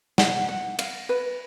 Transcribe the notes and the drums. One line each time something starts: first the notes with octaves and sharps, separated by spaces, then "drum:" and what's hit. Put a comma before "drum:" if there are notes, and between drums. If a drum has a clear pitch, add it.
F#5, drum: snare
F#5
F5, drum: cymbal
B4